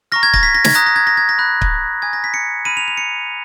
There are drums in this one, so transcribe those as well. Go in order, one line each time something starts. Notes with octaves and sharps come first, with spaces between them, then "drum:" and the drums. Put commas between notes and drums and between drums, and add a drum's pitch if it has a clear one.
A#5 C#6 F6 A#6
G#6
A#6, drum: kick C#1
B6
A#6
G#6, drum: snare
A#5 D#6 F#6 A#6
A#6
G#6
A#6
G#6
A#6
B5 F#6
drum: kick C#1
G#5 D#6 F#6 G#6
A#6
B6
C#7
B5 F6 D#7
F7
F7
C#7